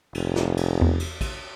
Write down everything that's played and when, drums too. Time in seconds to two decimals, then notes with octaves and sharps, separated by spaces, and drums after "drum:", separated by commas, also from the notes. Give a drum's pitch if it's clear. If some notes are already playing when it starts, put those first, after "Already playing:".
0.15 F1, drum: cymbal
0.36 drum: snare
0.57 drum: cymbal
0.81 E2
1.00 drum: cymbal
1.21 drum: kick, cymbal